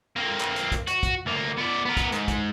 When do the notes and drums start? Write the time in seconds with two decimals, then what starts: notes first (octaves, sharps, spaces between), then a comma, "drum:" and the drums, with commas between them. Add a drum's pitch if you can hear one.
0.16 A#3 C4
0.40 drum: clap
0.56 drum: hi-hat
0.72 drum: kick, hi-hat
0.87 F#4, drum: hi-hat
1.03 drum: kick, hi-hat
1.26 D2 A#3
1.58 B3 D5
1.85 B3 A#4
1.97 drum: kick, hi-hat
2.12 G#2, drum: hi-hat
2.28 drum: kick, hi-hat